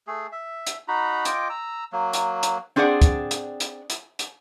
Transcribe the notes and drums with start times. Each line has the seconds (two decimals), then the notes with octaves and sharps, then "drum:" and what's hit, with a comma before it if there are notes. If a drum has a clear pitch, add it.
0.07 A3 G#4
0.32 E5
0.67 drum: hi-hat
0.88 D#4 F#4 A#5 B5
1.25 F4 D#5 G5 D6, drum: hi-hat
1.50 A#5 E6
1.93 F#3 A#3
2.13 drum: hi-hat
2.43 drum: hi-hat
2.76 C4 D4 G#4 D5 F#5
3.02 drum: kick, hi-hat
3.31 drum: hi-hat
3.60 drum: hi-hat
3.90 drum: hi-hat
4.19 drum: hi-hat